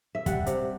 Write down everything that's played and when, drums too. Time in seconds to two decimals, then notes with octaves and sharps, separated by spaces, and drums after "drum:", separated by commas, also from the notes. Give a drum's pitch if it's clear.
0.15 E5
0.26 G3 F#5, drum: kick, hi-hat
0.46 C3, drum: hi-hat